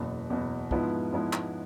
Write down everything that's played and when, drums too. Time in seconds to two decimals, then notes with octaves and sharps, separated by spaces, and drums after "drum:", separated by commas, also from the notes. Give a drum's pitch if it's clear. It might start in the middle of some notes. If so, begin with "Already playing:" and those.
Already playing: F#1 E2 B2
0.30 F#1 E2 B2
0.71 G#2 F3 G#3 B3 E4, drum: kick
1.12 G#2 F3 G#3 B3 E4
1.33 drum: clap